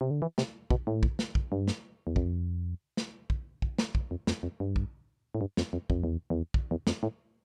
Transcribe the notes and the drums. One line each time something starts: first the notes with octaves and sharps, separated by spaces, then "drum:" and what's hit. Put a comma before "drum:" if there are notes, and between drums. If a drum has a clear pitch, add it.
C3
D3
E3
C3, drum: snare
B2, drum: kick
A2
drum: kick
drum: snare
drum: kick
G2
drum: snare
E2
F2, drum: kick
drum: snare
drum: kick
drum: kick
drum: snare
drum: kick
F2
F2, drum: snare
F2
G2
drum: kick
A2
G2
F2, drum: snare
F2
F2, drum: kick
E2
E2
drum: kick
E2
F2, drum: snare
A2